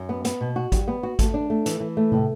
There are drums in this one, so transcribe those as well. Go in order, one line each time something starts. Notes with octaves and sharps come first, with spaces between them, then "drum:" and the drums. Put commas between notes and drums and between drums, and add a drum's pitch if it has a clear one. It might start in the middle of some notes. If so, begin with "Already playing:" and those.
Already playing: F#2
B3
B3, drum: hi-hat
B2
F#4
G3, drum: kick G#1, hi-hat
B3
F#4
A3, drum: kick G#1, hi-hat
D4
A3
E3, drum: hi-hat
E3
A3
A2, drum: tom C3